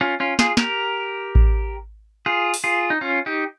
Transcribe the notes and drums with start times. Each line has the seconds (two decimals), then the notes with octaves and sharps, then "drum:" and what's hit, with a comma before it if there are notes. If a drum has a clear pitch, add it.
0.01 C#4 F4
0.20 C#4 F4
0.39 F4 G#4, drum: snare
0.57 G4 A#4, drum: snare
1.35 drum: kick A1
2.26 F4 G#4
2.54 drum: open hi-hat
2.64 F4 G#4
2.90 D#4
3.01 C#4 F4
3.26 D#4 G4